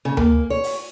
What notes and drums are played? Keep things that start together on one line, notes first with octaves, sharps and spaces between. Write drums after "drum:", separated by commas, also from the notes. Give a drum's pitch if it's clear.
C#3
A#3, drum: tom D2
C#5
drum: open hi-hat